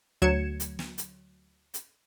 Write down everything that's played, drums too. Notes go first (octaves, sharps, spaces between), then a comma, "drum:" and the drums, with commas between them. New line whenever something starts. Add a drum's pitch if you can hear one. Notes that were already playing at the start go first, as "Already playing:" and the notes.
D2 F#3 G#6 C#7 E7
drum: hi-hat
drum: snare
drum: hi-hat
drum: hi-hat